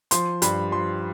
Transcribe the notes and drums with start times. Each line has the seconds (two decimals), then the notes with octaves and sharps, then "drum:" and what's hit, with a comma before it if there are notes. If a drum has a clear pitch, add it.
0.11 F3 C6, drum: hi-hat
0.42 G2 B5, drum: hi-hat
0.72 F3 C6